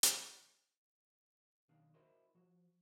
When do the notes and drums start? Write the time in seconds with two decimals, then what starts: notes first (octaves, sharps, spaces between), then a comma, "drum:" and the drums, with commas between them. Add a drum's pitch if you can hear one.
0.03 drum: hi-hat
1.69 B1 D#3 D4 F5
1.94 E4 F#4 A#4 C5 D#5 G#5
2.35 F3 F#4